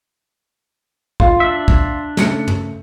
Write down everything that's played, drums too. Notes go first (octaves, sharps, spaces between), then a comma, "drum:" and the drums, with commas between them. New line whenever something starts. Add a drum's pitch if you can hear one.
F4, drum: kick
D4 E5
drum: kick
C#3 A3 C#7, drum: snare
drum: tom